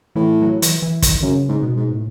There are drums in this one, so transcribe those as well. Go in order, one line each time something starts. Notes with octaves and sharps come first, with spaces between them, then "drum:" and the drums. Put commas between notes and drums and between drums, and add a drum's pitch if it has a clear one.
A2 E3
F#3
E3, drum: hi-hat
E3
D#3, drum: kick, hi-hat
F#2 C#3
G#2
B2
G#2
A2